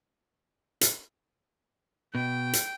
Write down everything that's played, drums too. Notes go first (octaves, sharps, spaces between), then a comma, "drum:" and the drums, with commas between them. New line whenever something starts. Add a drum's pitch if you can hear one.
drum: hi-hat
B2 G5
drum: hi-hat